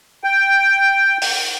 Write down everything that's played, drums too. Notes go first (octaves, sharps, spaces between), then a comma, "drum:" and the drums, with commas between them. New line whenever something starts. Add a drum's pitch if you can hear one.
G5
drum: open hi-hat